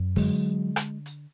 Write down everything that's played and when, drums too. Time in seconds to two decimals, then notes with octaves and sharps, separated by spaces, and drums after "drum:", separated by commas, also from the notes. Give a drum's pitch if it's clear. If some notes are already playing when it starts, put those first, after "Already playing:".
Already playing: F#2
0.16 D3 F#3 G#3, drum: kick, open hi-hat
0.76 drum: rim click
1.06 drum: hi-hat